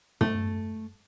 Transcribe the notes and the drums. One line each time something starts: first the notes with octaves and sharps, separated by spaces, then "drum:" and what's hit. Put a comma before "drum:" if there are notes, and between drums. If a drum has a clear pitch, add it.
A3, drum: tom